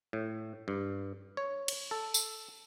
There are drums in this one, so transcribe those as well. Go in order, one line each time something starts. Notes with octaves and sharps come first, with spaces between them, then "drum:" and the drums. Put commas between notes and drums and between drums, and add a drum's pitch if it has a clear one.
A2
G2
C#5
drum: cymbal
A4
drum: tambourine